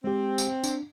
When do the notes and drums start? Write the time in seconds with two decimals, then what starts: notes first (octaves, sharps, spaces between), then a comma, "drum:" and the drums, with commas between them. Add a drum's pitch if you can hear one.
0.04 G#3 C4 G4
0.38 drum: tambourine
0.63 D4, drum: tambourine